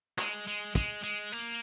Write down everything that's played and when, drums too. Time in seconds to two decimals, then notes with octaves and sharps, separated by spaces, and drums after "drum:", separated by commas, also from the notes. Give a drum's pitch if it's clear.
0.18 G#3, drum: clap
0.47 G#3
0.75 G#3, drum: kick
1.03 G#3
1.32 A#3